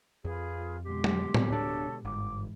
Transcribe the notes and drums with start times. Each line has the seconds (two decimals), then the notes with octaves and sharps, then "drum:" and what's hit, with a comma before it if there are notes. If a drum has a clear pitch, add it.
0.25 F2 F4 G#4 B4
0.85 B2 D3 G#3 G4 C6
1.04 drum: tom F#3
1.34 drum: tom A2
1.48 D1 D4 A4 C#5
2.05 G1 G#2 E3 D6